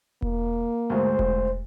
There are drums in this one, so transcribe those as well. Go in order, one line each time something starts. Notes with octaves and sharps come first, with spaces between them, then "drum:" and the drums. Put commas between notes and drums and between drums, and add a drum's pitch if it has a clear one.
A#3, drum: kick E1
D2 G#2 C5
drum: kick E1